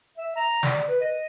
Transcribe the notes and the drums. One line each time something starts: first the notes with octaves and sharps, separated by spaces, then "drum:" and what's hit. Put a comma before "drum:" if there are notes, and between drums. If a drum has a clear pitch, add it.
E5
A#5
D5, drum: snare
B4
D#5